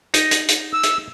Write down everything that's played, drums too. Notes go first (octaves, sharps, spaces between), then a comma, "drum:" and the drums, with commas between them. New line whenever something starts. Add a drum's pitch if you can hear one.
D#4 D#5, drum: hi-hat
drum: hi-hat
drum: hi-hat
E6
drum: hi-hat